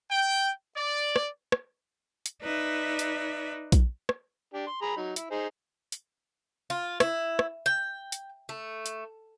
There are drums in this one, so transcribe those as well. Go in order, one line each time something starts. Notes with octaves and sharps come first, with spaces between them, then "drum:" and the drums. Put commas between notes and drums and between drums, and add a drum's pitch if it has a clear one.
G5
D5
drum: rim click
drum: rim click
drum: hi-hat
D#4 B4 D5 E5
drum: hi-hat
drum: kick A#1, hi-hat
drum: rim click
D4 G4
C6
G#4 A#5 B5
F#3 D#4
E4, drum: hi-hat
D#4 G#4 C5
drum: hi-hat
F4
E4, drum: rim click
drum: rim click
G5
drum: hi-hat
A3
drum: hi-hat